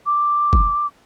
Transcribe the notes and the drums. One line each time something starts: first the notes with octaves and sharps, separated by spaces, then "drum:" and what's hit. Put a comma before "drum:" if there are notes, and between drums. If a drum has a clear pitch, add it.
D6
drum: kick